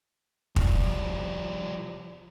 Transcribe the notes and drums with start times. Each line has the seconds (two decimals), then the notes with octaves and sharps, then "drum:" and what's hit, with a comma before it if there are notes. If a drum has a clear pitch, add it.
0.56 F3 G3, drum: kick